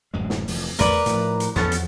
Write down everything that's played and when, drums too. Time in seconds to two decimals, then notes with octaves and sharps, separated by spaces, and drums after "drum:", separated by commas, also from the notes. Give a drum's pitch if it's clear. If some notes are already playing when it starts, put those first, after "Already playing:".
0.14 D1 F#2 G#3
0.30 drum: snare
0.48 F1 F2 E3, drum: open hi-hat
0.79 E2 A3 A#4 B4 D5, drum: hi-hat
1.06 A2 F3, drum: hi-hat
1.40 drum: hi-hat
1.56 E2 F3 B3 C#4 A4, drum: snare
1.72 drum: hi-hat